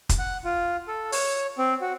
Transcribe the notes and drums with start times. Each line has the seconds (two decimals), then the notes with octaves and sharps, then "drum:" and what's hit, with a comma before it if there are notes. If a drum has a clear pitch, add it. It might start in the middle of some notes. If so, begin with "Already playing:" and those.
0.09 drum: kick, hi-hat
0.19 F#5
0.45 F4
0.88 A4
1.12 C#5, drum: open hi-hat
1.58 C4
1.81 F#4